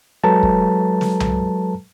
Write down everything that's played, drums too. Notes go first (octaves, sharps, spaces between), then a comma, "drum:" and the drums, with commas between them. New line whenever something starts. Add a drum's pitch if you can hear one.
F#3 G#3 A4 B4 A5 A#5
drum: kick
drum: snare
drum: tom C2